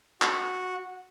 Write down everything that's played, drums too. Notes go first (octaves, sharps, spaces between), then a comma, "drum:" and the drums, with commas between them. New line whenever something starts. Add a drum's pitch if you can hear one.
F#4, drum: clap